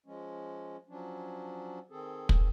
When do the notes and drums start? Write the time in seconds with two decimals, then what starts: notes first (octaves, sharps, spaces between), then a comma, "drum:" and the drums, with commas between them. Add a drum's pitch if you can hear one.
0.06 F3 G#3 C#4
0.89 F3 F#3 C#4 D4
1.91 D#3 C4 G#4 A4
2.29 drum: kick